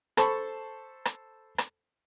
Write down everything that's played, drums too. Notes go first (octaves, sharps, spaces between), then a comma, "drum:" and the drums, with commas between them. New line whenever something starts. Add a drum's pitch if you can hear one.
A4 C5 A5 B5 C#6, drum: rim click
drum: rim click
drum: rim click